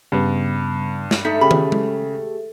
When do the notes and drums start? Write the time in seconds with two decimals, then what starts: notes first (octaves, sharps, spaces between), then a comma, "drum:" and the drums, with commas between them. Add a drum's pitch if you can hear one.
0.12 G2 C#3 G3 B3
1.11 drum: snare
1.25 A3 D#4 B6
1.41 C#3 G4 G#4 B5
1.51 drum: tom
1.72 drum: tom G#3